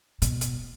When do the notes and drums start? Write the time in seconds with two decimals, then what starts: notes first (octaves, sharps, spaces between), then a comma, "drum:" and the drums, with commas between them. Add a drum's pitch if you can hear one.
0.22 B2, drum: hi-hat
0.41 drum: hi-hat